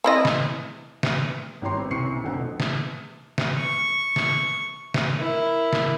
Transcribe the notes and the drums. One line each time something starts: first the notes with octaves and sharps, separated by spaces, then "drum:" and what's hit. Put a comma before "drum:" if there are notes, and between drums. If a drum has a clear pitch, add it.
C4 E4 D#5
drum: snare
drum: snare
G#1 A2 G3 C#5 A#5 C6
B3 C4
C2 C3 C#4 C#6 C7 C#7
B1
F1 D3 C4 F#5
B2 F3
drum: snare
drum: snare
C#6
drum: snare
drum: snare
E4 A#4
drum: snare